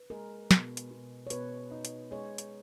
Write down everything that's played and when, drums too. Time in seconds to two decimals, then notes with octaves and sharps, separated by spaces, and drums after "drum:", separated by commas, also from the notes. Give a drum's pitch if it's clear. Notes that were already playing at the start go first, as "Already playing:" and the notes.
Already playing: B4
0.10 G#3 A#4
0.51 B2, drum: snare
0.77 drum: hi-hat
0.91 B2
1.27 C#5
1.30 B2 B4, drum: hi-hat
1.71 D#4
1.85 drum: hi-hat
2.11 G#3 C#5
2.38 drum: hi-hat